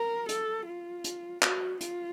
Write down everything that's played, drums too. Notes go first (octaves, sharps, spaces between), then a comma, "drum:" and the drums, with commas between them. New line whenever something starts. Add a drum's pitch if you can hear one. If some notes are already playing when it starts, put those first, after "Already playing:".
Already playing: A#4
A4, drum: hi-hat
F4
drum: hi-hat
F#4, drum: clap
F4, drum: hi-hat